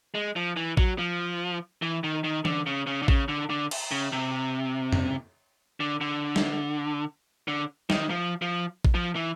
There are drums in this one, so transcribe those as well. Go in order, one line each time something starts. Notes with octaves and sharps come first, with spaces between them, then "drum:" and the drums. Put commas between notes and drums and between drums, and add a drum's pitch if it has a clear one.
G#3
F3
E3
F#3, drum: kick A1
F3
E3
D#3
D#3
D3, drum: tom E3
C#3
C#3
D3
C#3, drum: kick A1
D3
D3
drum: cymbal
C#3
C3
drum: tom
D3
D3
drum: snare
D3
D#3, drum: snare
F3
F3
drum: kick A1
F3
E3